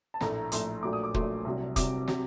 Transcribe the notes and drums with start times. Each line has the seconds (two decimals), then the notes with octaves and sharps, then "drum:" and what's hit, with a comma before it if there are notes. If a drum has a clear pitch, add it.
0.14 A5
0.21 A#1 A2 A3 A#5, drum: snare
0.52 A#1 A2 A3 C6, drum: hi-hat
0.83 A#1 A#2 F#3 A3 D6
0.93 D#6
1.04 D6
1.14 A#1 A#2 F#3 A3 C6, drum: kick
1.45 C2 C3 F#3
1.76 C2 C3 F#3 D6, drum: kick, hi-hat
2.08 C3 F#3, drum: snare